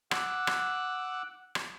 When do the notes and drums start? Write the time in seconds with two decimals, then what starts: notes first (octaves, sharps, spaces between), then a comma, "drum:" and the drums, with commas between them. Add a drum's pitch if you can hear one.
0.11 F#5 D6 E6 F#6, drum: rim click
0.47 drum: rim click
1.55 drum: rim click